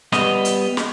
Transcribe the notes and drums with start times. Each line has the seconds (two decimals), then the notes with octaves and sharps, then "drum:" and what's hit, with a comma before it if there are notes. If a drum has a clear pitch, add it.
0.12 G3 B3 D#5, drum: snare
0.45 drum: hi-hat
0.77 drum: snare